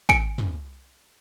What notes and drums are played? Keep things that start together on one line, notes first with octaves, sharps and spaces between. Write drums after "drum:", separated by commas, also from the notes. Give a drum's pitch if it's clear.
G#5 C#7 D7, drum: kick
drum: tom